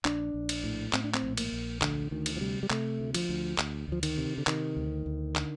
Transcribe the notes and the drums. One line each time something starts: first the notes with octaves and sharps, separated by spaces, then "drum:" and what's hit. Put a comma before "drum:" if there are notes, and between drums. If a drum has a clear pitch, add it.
A#1 D4, drum: clap
A#1
drum: cymbal
A2
A2 C4, drum: clap
D4
C4, drum: clap
A#1
A#3, drum: cymbal
A#1
D2 D3, drum: clap
D2 D#3
drum: cymbal
F3
C3 G3
G3
C3 A3, drum: clap
D2
F3, drum: cymbal
D2
D2, drum: clap
D2 F3
D#3, drum: cymbal
C3
D3
C3 D#3, drum: clap
D2
D2
D3, drum: clap